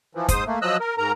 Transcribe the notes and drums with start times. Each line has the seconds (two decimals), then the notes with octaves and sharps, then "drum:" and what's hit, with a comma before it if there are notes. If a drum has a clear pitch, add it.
0.15 E3 F3
0.28 G#2 C5 D#6, drum: kick, hi-hat
0.46 A3 A#3
0.62 F3 F#3 D#5 E6 F#6
0.80 A#4
0.98 G#2 A#4 A#5